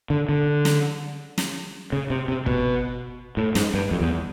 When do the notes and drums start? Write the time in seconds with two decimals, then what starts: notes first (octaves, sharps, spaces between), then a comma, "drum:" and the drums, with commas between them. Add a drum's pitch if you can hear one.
0.10 D3
0.29 D3
0.65 drum: snare
1.38 drum: snare
1.93 C#3
2.10 C3
2.28 C3
2.46 B2, drum: kick
3.37 A2
3.55 G#2, drum: snare
3.74 G2
3.91 F2
4.00 E2